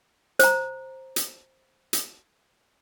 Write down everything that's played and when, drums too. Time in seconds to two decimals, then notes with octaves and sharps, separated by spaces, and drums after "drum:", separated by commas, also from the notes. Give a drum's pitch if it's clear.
0.39 C5 A#5, drum: hi-hat
1.16 drum: hi-hat
1.93 drum: hi-hat